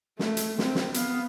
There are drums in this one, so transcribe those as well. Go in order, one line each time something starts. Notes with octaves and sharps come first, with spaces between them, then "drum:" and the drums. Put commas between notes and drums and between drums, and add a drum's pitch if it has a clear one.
A3, drum: snare
drum: hi-hat
C4, drum: snare
drum: snare
B3 F5, drum: hi-hat